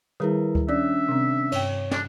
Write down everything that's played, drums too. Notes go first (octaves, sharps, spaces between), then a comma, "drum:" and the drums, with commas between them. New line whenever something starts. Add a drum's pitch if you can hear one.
D#3 G3 E4 G#4 A#4 B4
drum: kick D2
C#4 D4 D5 E5
C3 C4
G2 C#5 G5, drum: cymbal
D4, drum: snare